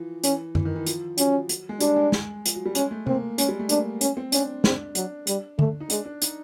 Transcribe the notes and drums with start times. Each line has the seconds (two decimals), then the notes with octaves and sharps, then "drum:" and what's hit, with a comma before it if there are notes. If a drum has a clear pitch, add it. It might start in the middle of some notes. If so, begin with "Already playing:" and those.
Already playing: E3 F3
0.23 E3 C#4, drum: hi-hat
0.55 E3, drum: tom F#2
0.65 D#3
0.76 E3
0.87 F3, drum: hi-hat
1.18 F#3 C#4, drum: hi-hat
1.49 drum: hi-hat
1.69 G#3
1.80 G3 D4, drum: hi-hat
1.96 G#3
2.12 drum: snare
2.46 F3, drum: hi-hat
2.55 F#3
2.65 G3
2.75 G#3 C#4, drum: hi-hat
2.91 A3
3.07 A#3 C4, drum: tom C3
3.38 G#3 C#4, drum: hi-hat
3.49 G3
3.59 A3
3.69 A#3 D4, drum: hi-hat
4.01 C#4, drum: hi-hat
4.17 C4
4.32 C#4 D4, drum: hi-hat
4.64 C4 D4, drum: snare
4.95 F#3 D4, drum: hi-hat
5.27 G3, drum: hi-hat
5.59 A3, drum: tom D3
5.80 D#4
5.90 G#3 D4, drum: hi-hat
6.05 D4
6.22 D#4, drum: hi-hat